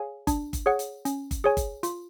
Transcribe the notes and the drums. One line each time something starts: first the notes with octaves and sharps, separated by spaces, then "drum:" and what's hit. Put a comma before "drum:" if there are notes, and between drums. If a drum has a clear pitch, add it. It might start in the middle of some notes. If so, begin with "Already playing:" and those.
Already playing: G#4 C#5 F5 G#5
D4, drum: kick G1, hi-hat
drum: kick G1, hi-hat
G#4 C#5 F#5
drum: hi-hat
C#4, drum: hi-hat
drum: kick G1, hi-hat
G#4 C#5 G#5
drum: kick G1, hi-hat
F4, drum: hi-hat